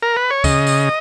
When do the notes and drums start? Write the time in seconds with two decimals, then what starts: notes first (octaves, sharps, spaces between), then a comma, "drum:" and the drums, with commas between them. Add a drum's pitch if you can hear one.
0.02 A#4
0.17 B4
0.31 C#5
0.44 C#3 D#5, drum: kick, tambourine
0.67 drum: tambourine